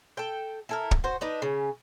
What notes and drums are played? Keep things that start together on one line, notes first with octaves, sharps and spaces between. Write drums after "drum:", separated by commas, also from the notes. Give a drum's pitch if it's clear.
A4 G5
E4 A4 A#4
drum: kick
F#4 C5
D4 D#4 B4
C#3 C#4